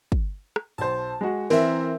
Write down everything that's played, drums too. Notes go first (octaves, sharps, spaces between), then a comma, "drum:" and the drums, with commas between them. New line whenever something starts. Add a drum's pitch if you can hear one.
drum: kick
drum: rim click
B1 C5 A5
G#3 F#4
E3 C4 A#4 E5